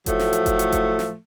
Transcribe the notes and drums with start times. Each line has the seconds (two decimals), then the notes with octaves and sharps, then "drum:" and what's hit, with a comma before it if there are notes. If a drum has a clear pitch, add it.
0.06 A2 F3 F#3 A3, drum: kick F1, hi-hat
0.19 drum: snare
0.33 drum: hi-hat
0.46 drum: kick F1, hi-hat
0.59 drum: hi-hat
0.72 drum: kick F1, hi-hat
0.99 drum: snare